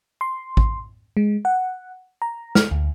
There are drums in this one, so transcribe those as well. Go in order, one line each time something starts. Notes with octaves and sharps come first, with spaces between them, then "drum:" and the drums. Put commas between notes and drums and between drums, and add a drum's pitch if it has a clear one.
C6
drum: kick A1
G#3
F#5
A#5
F6, drum: snare
D2